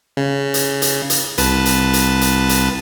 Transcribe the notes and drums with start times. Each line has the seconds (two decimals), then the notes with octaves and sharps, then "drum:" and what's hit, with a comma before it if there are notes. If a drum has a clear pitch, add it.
0.17 C#3
0.54 drum: hi-hat
0.82 drum: hi-hat
1.10 drum: hi-hat
1.38 C2 B4 A5, drum: hi-hat
1.65 drum: hi-hat
1.93 drum: hi-hat
2.21 drum: hi-hat
2.49 drum: hi-hat